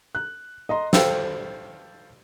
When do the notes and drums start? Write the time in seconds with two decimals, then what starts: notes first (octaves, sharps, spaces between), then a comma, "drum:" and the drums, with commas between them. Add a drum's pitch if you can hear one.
0.15 F#6
0.69 D#5 A#5 C6
0.93 A4 C5 F5 G5 E6, drum: snare